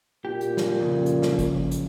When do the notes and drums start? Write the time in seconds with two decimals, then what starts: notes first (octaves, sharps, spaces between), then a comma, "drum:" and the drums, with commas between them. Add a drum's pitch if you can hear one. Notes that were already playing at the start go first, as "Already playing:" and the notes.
0.25 A#2 G4
0.41 drum: hi-hat
0.57 drum: snare
0.81 F2 A2 C#3
1.06 drum: hi-hat
1.22 drum: snare
1.39 drum: kick, hi-hat
1.71 drum: hi-hat